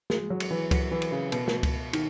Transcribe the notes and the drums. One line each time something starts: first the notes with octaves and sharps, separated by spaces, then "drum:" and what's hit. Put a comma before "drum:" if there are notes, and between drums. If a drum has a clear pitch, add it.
G#3, drum: snare
F#3
drum: cymbal
E3
F#3, drum: kick C#2, cymbal
E3
drum: cymbal
C#3
B2, drum: cymbal
drum: snare
drum: kick C#2, cymbal
D#3, drum: cymbal